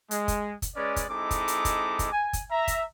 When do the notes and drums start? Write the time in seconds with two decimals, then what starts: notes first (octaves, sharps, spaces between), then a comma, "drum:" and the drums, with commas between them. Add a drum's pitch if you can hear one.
0.11 G#3, drum: hi-hat
0.28 drum: kick, hi-hat
0.62 drum: kick, hi-hat
0.76 G#3 C#4 B4 D5
0.96 drum: kick, hi-hat
1.10 G#3 C4 D#4 E4 A4 D6
1.31 drum: kick, hi-hat
1.48 drum: hi-hat
1.65 drum: kick, hi-hat
1.99 drum: kick, hi-hat
2.12 G#5
2.33 drum: kick, hi-hat
2.51 E5 A#5
2.68 drum: kick, hi-hat